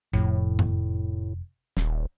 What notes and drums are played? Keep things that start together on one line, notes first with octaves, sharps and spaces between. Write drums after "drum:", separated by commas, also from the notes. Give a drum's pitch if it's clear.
F1 A2, drum: kick
drum: tom F#2
D#1, drum: snare